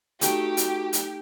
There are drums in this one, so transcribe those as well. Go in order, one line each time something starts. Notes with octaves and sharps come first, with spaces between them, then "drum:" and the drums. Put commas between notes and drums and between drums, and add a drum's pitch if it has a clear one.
A3 D#4 F#4 G4, drum: hi-hat
drum: hi-hat
drum: hi-hat